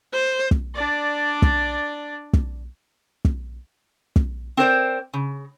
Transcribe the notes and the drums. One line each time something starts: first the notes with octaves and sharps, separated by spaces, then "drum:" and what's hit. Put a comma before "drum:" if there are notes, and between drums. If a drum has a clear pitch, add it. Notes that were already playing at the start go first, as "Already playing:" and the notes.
C5
drum: kick
D4 D5
drum: kick
drum: kick
drum: kick
drum: kick
C4 A#4 C5 D5
C#3